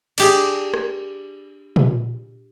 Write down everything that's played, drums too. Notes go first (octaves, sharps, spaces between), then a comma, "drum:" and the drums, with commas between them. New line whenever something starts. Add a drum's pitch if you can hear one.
D4 G4 G#4, drum: cymbal
drum: rim click
drum: tom A#2